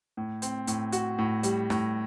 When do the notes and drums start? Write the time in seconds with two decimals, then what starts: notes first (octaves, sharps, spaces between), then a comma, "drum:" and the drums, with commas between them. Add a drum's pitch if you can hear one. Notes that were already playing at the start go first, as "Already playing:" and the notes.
0.17 A2
0.42 C4, drum: hi-hat
0.67 A2, drum: hi-hat
0.93 F#4, drum: hi-hat
1.18 A2
1.43 G3, drum: hi-hat
1.70 A2, drum: rim click